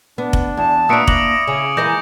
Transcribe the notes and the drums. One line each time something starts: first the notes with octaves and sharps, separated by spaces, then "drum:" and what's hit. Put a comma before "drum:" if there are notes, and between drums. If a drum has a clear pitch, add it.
B3 D4
drum: kick F1
E2 A5
A#3 D4 F#4 B4 E5 D#6 C#7 D7
E4 D6 A#6 F#7, drum: kick F1
C#3 G#5
E3 G#3 A#3 A#4 D#5 D6 G6 A#6